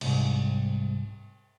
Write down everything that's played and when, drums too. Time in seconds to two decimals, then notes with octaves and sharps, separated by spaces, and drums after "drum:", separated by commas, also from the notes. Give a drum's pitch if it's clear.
0.01 C2 G#2, drum: cymbal